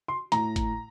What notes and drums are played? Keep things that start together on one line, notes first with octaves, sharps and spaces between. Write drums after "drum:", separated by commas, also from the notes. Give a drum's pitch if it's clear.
C6
A2 A#5, drum: hi-hat
drum: kick G#1, hi-hat